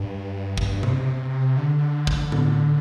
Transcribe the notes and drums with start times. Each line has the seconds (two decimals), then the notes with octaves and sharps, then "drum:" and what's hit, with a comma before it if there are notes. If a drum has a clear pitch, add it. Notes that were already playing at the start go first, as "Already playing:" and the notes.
Already playing: G2
0.58 drum: kick
0.83 C3, drum: tom C#3
1.57 D3
2.07 drum: kick
2.32 drum: tom A2